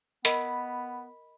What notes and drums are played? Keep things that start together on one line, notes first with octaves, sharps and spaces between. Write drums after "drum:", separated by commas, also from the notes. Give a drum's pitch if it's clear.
B3 A#4 D#5 B5, drum: hi-hat